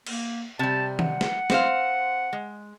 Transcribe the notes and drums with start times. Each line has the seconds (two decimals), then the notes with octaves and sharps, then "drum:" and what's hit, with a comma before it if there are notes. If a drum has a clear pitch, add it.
0.07 A#3, drum: cymbal
0.59 C3 G3 A5
0.99 F#5, drum: tom D#3
1.21 drum: snare
1.50 C4 C5 F5, drum: snare
2.33 G#3